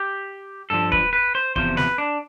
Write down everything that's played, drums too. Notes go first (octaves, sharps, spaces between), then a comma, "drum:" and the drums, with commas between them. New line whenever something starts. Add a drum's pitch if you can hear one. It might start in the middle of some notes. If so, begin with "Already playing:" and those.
Already playing: G4
G2 F3 A4
B4, drum: kick D1
B4
C5
E2 C3 F3 C5, drum: kick D1
B4, drum: snare
D4